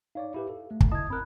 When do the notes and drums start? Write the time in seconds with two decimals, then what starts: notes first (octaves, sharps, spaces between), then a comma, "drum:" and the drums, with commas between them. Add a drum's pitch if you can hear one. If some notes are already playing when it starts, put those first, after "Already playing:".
0.15 D#4 C#5 D5 F5
0.34 E4 G4 B4
0.49 A4
0.71 A3
0.81 drum: kick
0.92 E4 D#5 A5 D#6 G#6
1.10 C4 A#4 B5 F#6